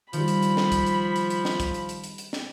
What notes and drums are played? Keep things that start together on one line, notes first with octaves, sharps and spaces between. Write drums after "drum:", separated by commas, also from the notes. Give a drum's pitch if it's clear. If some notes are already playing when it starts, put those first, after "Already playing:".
D#3 F3 G3 B5, drum: hi-hat
drum: hi-hat
drum: hi-hat
drum: snare
drum: kick, hi-hat
drum: hi-hat
drum: hi-hat
drum: hi-hat
drum: snare
drum: kick, hi-hat
drum: hi-hat
drum: hi-hat
drum: hi-hat
drum: hi-hat
drum: snare